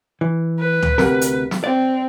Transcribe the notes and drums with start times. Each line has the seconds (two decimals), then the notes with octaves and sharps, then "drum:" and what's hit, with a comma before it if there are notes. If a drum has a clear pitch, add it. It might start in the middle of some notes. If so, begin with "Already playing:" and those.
0.21 E3
0.59 B4
0.83 drum: tom C#2
0.98 D2 C3 A#4, drum: snare
1.21 drum: hi-hat
1.51 drum: snare
1.64 C4 D5